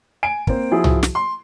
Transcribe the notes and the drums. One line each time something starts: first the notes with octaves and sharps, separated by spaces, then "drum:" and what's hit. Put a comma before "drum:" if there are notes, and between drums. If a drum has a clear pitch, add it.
G#5 D7
A#3 C4, drum: kick
F3 E4 F#4 G#4
drum: tom C2
drum: snare
C6